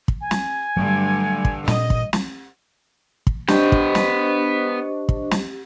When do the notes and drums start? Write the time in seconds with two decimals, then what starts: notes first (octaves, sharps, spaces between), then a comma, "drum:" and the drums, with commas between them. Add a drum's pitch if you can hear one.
0.08 drum: kick
0.21 G#5
0.31 drum: snare
0.76 G2 D3 F#3 A3 D4
1.45 drum: kick
1.68 A#2 D#5, drum: snare
1.90 drum: kick
2.13 drum: snare
3.27 drum: kick
3.48 B3 D4 G4 C5 D#5 G5 C#6, drum: snare
3.72 drum: kick
3.95 drum: snare
5.09 drum: kick
5.31 drum: snare